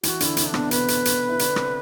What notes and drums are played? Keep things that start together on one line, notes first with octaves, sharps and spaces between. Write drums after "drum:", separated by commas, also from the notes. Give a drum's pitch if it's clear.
E3 E4 F#4, drum: hi-hat
D3 D4 E4, drum: hi-hat
C3 C4, drum: hi-hat
D4
B2 B3, drum: rim click
B2 B3 B4, drum: hi-hat
drum: hi-hat
drum: hi-hat
E4
D3 D4, drum: hi-hat
C3 C4, drum: rim click